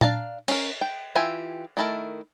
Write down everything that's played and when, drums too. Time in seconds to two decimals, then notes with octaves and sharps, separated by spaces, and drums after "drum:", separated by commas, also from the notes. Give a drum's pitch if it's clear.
0.01 D4 F5 A5 A#5, drum: tom A#2
0.48 C#4 A#4, drum: cymbal
0.81 G5
1.15 E3 F4 G4 E5 G#5
1.77 D#3 A3 E4 A#4 A5